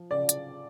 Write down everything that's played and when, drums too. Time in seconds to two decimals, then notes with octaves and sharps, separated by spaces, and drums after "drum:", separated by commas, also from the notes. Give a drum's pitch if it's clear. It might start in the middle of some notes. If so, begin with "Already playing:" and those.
Already playing: F3
0.11 C#3 D5
0.29 drum: hi-hat